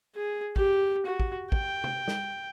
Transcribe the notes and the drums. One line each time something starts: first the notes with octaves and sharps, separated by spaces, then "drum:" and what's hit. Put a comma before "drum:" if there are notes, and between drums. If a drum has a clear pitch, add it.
G#4
G4, drum: kick
F#4
drum: kick
G5, drum: kick
drum: tom C3
drum: snare